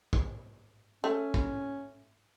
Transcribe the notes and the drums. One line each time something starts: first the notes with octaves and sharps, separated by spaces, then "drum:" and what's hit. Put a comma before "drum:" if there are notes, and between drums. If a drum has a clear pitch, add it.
drum: kick
A3 C#4
drum: kick